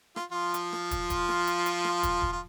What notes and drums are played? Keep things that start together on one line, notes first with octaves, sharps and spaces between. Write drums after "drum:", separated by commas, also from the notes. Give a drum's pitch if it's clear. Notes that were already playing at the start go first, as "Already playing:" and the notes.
F4, drum: rim click
F3 F4
drum: hi-hat
drum: rim click
drum: kick, hi-hat
drum: kick, hi-hat
drum: rim click
drum: hi-hat
drum: hi-hat
drum: rim click
drum: kick, hi-hat
drum: kick
F4